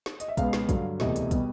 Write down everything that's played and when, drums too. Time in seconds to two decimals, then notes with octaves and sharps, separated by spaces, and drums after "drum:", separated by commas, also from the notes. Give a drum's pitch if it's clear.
0.06 drum: snare
0.20 D#5, drum: hi-hat
0.28 E5
0.37 C#2 B2 G#3 B3 F5, drum: kick, hi-hat
0.53 drum: snare
0.69 G2 D3 F#3, drum: kick, hi-hat
1.00 E1 D2 C3 E3 D#5, drum: snare
1.16 drum: hi-hat
1.31 B2 G3, drum: kick, hi-hat